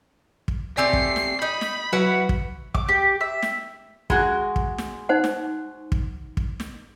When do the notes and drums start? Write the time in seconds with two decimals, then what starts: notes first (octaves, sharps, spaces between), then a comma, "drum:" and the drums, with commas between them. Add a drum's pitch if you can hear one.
0.48 drum: kick
0.77 A3 C4 G4 D5 G#5 E6 C7
0.93 drum: kick
1.16 drum: snare
1.42 D#4 B5
1.61 drum: snare
1.93 F#3 E4 F#4 B4 F#5
2.29 drum: kick
2.75 D6, drum: kick
2.89 G4
3.21 E5
3.42 drum: snare
4.10 G#3 F#4, drum: kick
4.56 drum: kick
4.78 drum: snare
5.09 D#4 C5 F#5
5.24 drum: snare
5.92 drum: kick
6.37 drum: kick
6.60 drum: snare